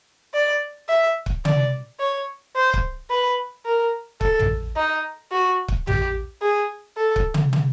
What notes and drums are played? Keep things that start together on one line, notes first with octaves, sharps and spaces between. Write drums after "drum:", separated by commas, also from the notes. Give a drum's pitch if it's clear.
D5
E5
drum: kick
D5, drum: tom
C#5
C5
drum: kick
B4
A#4
A4, drum: kick
drum: tom
D#4
F#4
drum: kick
G4, drum: tom
G#4
A4
drum: kick
drum: tom
drum: tom